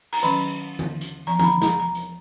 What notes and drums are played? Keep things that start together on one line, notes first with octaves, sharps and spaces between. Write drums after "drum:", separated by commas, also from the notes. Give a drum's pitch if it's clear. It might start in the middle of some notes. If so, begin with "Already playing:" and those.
A#5, drum: cymbal
D#3 F#3 C#4 B5
drum: tom D3
drum: hi-hat
F3 B3 A#5
A#5, drum: tom D3
B5
A#5, drum: snare
A#5
drum: hi-hat